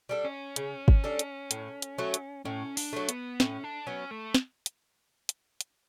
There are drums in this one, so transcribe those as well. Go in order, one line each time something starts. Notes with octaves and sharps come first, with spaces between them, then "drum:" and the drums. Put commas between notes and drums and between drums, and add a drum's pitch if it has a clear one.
G3 D4 A4
C#4
C#3, drum: hi-hat
drum: kick G1
G3 D4 A4
drum: hi-hat
A2, drum: hi-hat
drum: hi-hat
F#3 A3
drum: hi-hat
A2 C#4
D4, drum: open hi-hat
F#3 A3
B3, drum: hi-hat
A2 C#4, drum: snare
D4
F#3 B3 C#4
A3
drum: snare
drum: hi-hat
drum: hi-hat
drum: hi-hat